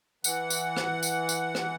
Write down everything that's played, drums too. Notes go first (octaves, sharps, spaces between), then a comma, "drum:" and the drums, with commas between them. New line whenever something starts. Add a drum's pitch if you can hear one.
E3 F#5, drum: tambourine
drum: tambourine
drum: rim click
drum: tambourine
drum: tambourine
drum: rim click